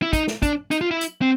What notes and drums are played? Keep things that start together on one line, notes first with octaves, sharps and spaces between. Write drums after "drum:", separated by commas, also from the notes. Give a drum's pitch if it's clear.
E4
D#4, drum: kick, hi-hat
drum: snare
D4, drum: kick, hi-hat
D#4, drum: hi-hat
F4
E4
drum: hi-hat
C4